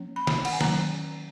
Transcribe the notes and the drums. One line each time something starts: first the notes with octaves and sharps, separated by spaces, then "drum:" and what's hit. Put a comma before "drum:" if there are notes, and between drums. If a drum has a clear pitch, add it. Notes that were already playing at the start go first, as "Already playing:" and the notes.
Already playing: F3 A#3 C#4
B5
drum: snare
F#5, drum: cymbal
G#5
D#3 F#3 A#3 C#4 A#5, drum: snare